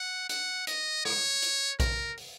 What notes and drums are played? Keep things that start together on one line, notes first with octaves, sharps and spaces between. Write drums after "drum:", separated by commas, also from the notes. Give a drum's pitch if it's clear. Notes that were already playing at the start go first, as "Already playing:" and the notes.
Already playing: F#5
F#5, drum: hi-hat
D#5, drum: hi-hat
C#5, drum: rim click
drum: hi-hat
A#4, drum: kick A#1, hi-hat
drum: open hi-hat